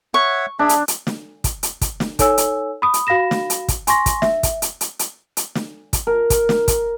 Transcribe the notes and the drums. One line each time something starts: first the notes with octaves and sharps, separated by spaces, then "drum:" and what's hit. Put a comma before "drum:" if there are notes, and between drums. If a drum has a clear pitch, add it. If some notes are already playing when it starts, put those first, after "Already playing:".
C#5 E5 F#5 C#6
D4 G#4 E5
drum: hi-hat
drum: hi-hat
drum: snare
drum: kick, hi-hat
drum: hi-hat
drum: kick, hi-hat
drum: snare
D#4 A4 C#5 G#5 E6, drum: kick, hi-hat
drum: hi-hat
B5 D#6
drum: hi-hat
F#4 F5 B5 A#6 E7
drum: snare
drum: hi-hat
drum: kick, hi-hat
G#5 C6 C#6 A#6, drum: hi-hat
drum: kick, hi-hat
E5, drum: snare
drum: kick, hi-hat
drum: hi-hat
drum: hi-hat
drum: hi-hat
drum: hi-hat
drum: snare
drum: kick, hi-hat
A#4
drum: kick, hi-hat
drum: snare
drum: kick, hi-hat